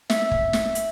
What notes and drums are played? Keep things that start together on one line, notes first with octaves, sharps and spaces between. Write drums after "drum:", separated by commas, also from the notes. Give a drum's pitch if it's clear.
E5, drum: snare
drum: kick
drum: snare
drum: hi-hat